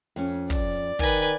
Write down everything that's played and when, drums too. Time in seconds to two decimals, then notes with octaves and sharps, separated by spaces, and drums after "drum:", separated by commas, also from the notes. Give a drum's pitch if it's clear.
0.16 F2 C#4
0.50 D5, drum: kick, open hi-hat
0.99 D#3 B4 G#5, drum: kick, hi-hat